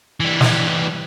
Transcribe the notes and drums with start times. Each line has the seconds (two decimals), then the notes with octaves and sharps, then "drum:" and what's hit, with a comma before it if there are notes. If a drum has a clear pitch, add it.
0.20 E3 G3
0.41 drum: snare